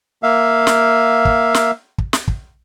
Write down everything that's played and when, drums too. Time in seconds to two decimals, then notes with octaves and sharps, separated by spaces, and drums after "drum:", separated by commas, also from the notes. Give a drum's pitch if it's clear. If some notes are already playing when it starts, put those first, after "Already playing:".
0.23 A#3 E5 F5
0.67 drum: snare
1.25 drum: kick
1.54 drum: snare
1.98 drum: kick
2.13 drum: snare
2.28 drum: kick